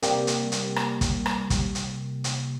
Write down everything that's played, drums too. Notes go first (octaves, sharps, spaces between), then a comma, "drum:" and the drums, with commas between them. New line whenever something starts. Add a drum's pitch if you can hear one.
C3 G3 A#3 G4, drum: hi-hat
drum: hi-hat
drum: hi-hat
drum: rim click
drum: kick, hi-hat
drum: rim click
drum: kick, hi-hat
drum: hi-hat
drum: hi-hat